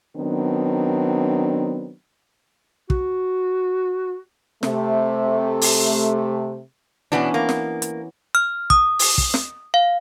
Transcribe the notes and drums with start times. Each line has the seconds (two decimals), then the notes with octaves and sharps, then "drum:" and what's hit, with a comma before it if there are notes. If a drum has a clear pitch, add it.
0.17 D#3 F#3 B3 C4 D4
2.90 F#4, drum: kick
4.63 C3 A3, drum: snare
5.61 drum: open hi-hat
7.12 B2 E3 B3 C#4 D4
7.34 A#3
7.49 drum: snare
7.82 drum: hi-hat
8.35 F6
8.70 D#6, drum: kick
8.99 drum: open hi-hat
9.18 drum: kick
9.34 drum: snare
9.74 F5